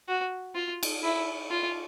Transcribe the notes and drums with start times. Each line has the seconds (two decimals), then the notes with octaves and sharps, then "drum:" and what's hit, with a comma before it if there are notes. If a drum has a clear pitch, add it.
0.08 F#4
0.55 F4
0.83 drum: cymbal
1.03 E4
1.51 F4